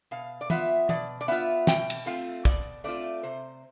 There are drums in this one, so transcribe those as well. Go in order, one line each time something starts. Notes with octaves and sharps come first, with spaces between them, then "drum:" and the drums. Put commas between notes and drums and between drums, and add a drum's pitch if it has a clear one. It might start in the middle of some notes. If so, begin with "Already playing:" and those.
B2 F5
D5
B3 F4 E5, drum: tom
B2 D5, drum: tom
D5
B3 F4 E5
B2 G5, drum: snare
drum: cymbal
A3 C4 F4 F5
B2 D5, drum: kick
A3 C4 F4 D5
C3 C5